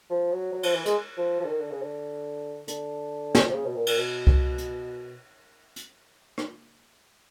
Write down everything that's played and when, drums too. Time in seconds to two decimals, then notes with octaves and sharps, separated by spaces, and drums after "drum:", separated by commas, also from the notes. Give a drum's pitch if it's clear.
0.10 F3
0.32 F#3
0.52 F#3
0.63 F3, drum: cymbal
0.74 E3
0.86 G#3, drum: hi-hat
1.17 F3
1.40 F3
1.45 D3
1.49 D#3
1.60 D3
1.71 C#3
1.82 D3
2.68 D3, drum: hi-hat
3.35 drum: snare
3.48 C3
3.54 C#3
3.66 B2
3.75 A#2
3.87 A#2, drum: cymbal
3.98 B2
4.27 drum: kick C2
4.58 drum: hi-hat
5.76 drum: hi-hat
6.38 drum: rim click